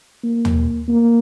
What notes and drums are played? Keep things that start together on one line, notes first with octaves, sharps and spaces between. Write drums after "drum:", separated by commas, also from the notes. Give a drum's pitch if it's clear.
A#3
drum: tom
A#3